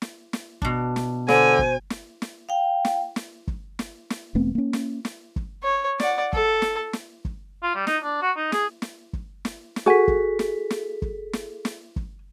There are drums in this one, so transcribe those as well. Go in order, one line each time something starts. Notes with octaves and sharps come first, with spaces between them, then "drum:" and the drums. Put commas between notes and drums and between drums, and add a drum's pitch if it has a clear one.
drum: snare
drum: snare
B2 D4, drum: kick
drum: snare
D3 C5 G#5, drum: snare
drum: kick
drum: snare
drum: snare
F5 G5
drum: snare
drum: snare
drum: kick
drum: snare
drum: snare
E1 A3 B3 C4
A#3 C#4
drum: snare
drum: snare
drum: kick
C#5
D5 F#5, drum: snare
A4, drum: kick
drum: snare
drum: snare
drum: kick
F4
G3
D#4, drum: snare
D4
F#4
D#4
G#4, drum: snare
drum: snare
drum: kick
drum: snare
drum: snare
F#4 G#4 A4 G#5 B6
drum: kick
drum: snare
drum: snare
drum: kick
drum: snare
drum: snare
drum: kick